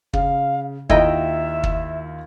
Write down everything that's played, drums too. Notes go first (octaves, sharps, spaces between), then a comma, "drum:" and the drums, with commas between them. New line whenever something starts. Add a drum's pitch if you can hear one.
C#3 F5, drum: kick
D#2 E4 F4 D#5 E5 G5 A#5, drum: kick
drum: kick